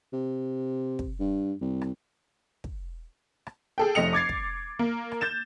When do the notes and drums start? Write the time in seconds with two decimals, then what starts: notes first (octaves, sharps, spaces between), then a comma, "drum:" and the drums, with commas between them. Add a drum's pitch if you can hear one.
0.13 C3
0.99 drum: kick
1.20 G2
1.61 C2
1.81 drum: rim click
2.64 drum: kick
3.47 drum: rim click
3.78 G#4 A4 G5
3.95 F1 A3 D#5 C#7 F7
4.13 D6 G#6 A6 C7
4.29 drum: kick
4.79 A#3
5.12 drum: rim click
5.21 G6 A6 E7